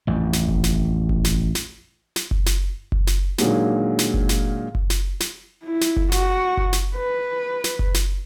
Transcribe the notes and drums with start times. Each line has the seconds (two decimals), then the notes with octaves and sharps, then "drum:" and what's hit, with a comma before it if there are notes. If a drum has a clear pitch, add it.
0.07 A1 F2
0.33 drum: snare
0.48 drum: kick F#1
0.64 drum: snare
1.09 drum: kick F#1
1.25 drum: snare
1.55 drum: snare
2.16 drum: snare
2.31 drum: kick F#1
2.46 drum: snare
2.92 drum: kick F#1
3.07 drum: snare
3.38 A#2 D3 D#3 F#3 G#3 A#3, drum: snare
3.99 drum: snare
4.14 drum: kick F#1
4.29 drum: snare
4.75 drum: kick F#1
4.90 drum: snare
5.20 drum: snare
5.64 E4
5.81 drum: snare
5.97 drum: kick F#1
6.12 F#4, drum: snare
6.57 drum: kick F#1
6.73 drum: snare
6.95 B4
7.64 drum: snare
7.79 drum: kick F#1
7.94 drum: snare